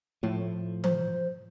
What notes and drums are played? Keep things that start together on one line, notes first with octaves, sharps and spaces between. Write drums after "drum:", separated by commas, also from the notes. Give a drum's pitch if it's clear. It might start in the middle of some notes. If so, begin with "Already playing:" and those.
A2 F3
C5, drum: tom E3